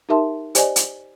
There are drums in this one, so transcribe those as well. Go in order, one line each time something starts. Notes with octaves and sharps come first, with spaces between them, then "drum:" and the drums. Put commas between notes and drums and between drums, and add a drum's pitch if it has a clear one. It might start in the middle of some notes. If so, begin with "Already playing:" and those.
D#4 G4 A#4 E5 A5 C6
G4 C5 D5 D#5 G#5, drum: hi-hat
drum: hi-hat